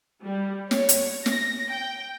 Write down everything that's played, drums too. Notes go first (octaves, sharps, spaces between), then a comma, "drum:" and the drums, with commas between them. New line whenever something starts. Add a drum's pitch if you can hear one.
G3
C#5, drum: snare
drum: hi-hat
A#6, drum: snare
G5